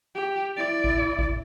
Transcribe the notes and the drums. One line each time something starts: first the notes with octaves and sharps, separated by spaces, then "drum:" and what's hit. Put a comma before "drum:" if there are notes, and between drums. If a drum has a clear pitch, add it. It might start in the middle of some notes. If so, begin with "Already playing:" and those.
G4
E4 D5
drum: kick G#1
drum: kick G#1